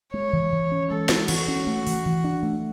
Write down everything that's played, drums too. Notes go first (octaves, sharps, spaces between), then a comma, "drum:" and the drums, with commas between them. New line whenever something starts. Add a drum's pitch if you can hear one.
G#3 C#5
E3
E3
C#4
G#3 A4
E3, drum: snare
E3 F#4, drum: cymbal
C#4
A3
E3, drum: open hi-hat
E3
D4
A3